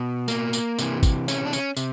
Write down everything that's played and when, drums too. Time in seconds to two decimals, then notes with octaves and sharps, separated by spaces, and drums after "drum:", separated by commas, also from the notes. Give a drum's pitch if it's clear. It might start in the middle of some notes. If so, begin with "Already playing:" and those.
Already playing: B2
0.28 A#3, drum: tambourine
0.53 drum: tambourine
0.79 C3 E3, drum: tambourine
1.03 drum: kick, tambourine
1.28 C#4, drum: tambourine
1.45 D4
1.53 C#4, drum: tambourine
1.77 C3, drum: tambourine